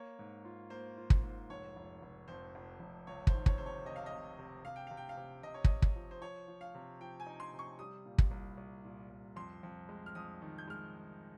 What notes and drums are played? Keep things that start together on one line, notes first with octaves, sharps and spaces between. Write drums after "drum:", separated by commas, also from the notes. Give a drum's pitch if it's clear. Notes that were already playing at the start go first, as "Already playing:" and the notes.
Already playing: A#3 C#5
G#2
F4
A#3 C5
F4
drum: kick
G#2
F1 C#5
F1
F1
F2 C5
F1
F1
C#2 C#5
C5, drum: kick
D#3
C#5, drum: kick
C3 C5
C#5
C3 D#5
F5
D#5
C3
C3
C3 F5
G5
C3 F5
G5
F5
C3
C3 D#5
C#5
C3 D#5, drum: kick
drum: kick
F3
C5
F3 C#5
F3
F5
C3
F3 G5
G#5
D#4
C6
C3
C#6
G3 D#6
A#2
drum: kick
C2
C2
A#2
C2
F2 C6
F2
G#3
F6
F2 D#6
D#3
G6
G#3 F6